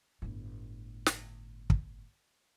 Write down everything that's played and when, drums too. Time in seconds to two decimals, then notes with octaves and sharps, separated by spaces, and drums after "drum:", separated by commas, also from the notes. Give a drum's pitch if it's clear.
0.22 G1 A2
1.06 drum: snare
1.70 drum: kick